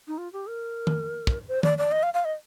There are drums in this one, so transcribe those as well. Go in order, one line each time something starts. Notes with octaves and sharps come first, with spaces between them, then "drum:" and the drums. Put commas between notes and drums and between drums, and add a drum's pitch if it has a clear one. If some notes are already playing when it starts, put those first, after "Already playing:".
D#4
F4
G4
A#4
drum: tom D#3
drum: kick
C5
D5, drum: tom D#3
D5
D#5
F5
F5
D#5